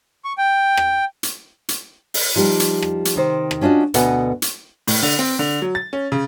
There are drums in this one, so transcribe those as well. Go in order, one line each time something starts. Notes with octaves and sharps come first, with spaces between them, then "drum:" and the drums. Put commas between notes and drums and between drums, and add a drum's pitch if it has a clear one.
C#6
G5
drum: rim click
drum: hi-hat
drum: hi-hat
drum: open hi-hat
F3 G3 D#4 G4
drum: hi-hat
drum: rim click
drum: hi-hat
C3 D#3 C5
drum: rim click
C#4 D4 F4 F#4 D#5
D2 B2 B4 D#5 F#5 G#5, drum: hi-hat
drum: hi-hat
A2, drum: open hi-hat
D3
C4
D3
F#3
A6
C#4
C#3